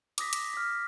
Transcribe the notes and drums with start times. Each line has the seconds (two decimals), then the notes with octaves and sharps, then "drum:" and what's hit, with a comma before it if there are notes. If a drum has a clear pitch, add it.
0.18 D6 D#6 A#6 B6, drum: hi-hat
0.33 drum: hi-hat
0.53 F6 B6